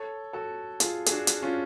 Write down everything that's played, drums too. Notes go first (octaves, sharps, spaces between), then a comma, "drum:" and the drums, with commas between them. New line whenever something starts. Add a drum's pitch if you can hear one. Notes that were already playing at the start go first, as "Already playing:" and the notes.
Already playing: A4 C#5
F#4 A4
F4 G#4, drum: hi-hat
G#4, drum: hi-hat
D4 F#4
drum: hi-hat
C#4 F4